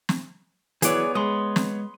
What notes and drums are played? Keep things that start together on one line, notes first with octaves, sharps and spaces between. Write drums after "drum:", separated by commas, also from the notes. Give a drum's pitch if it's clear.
drum: snare
E3 F#3 B3 G#4 C#5 D5, drum: hi-hat
G#3 B5 C6 D#6
drum: snare